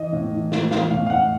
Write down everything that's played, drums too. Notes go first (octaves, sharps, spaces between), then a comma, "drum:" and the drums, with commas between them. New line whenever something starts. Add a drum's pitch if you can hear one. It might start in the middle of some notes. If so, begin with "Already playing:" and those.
Already playing: E3 D#5
A2
E3
E3, drum: snare
E3 F5, drum: snare
A2 F5
F5
A2 F#5